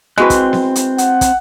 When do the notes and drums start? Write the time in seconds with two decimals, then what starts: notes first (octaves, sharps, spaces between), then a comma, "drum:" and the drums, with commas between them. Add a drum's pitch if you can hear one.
0.18 G#3 C4 E4 F#4 B4 F#6
0.30 drum: kick, hi-hat
0.53 drum: snare B3
0.76 drum: hi-hat
0.98 F#5, drum: hi-hat
1.21 drum: kick, hi-hat